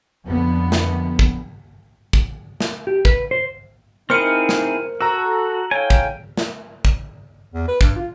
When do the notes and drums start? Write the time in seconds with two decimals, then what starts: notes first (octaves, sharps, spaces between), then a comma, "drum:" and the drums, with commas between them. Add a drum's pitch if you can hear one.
0.24 F2 D3 B3
0.72 drum: snare
1.19 drum: kick
2.13 drum: kick
2.60 drum: snare
2.87 G4
3.05 B4, drum: kick
3.31 C5
4.10 C4 D#4 E4 G#4 A#4 C5 F6 C#7
4.49 drum: snare
5.01 F#4 A4 A#5 E6
5.71 E4 A4 C#5 F5 G5 G#5
5.90 drum: kick
6.37 drum: snare
6.85 drum: kick
7.54 E2
7.68 B4
7.81 G2, drum: kick
7.96 F4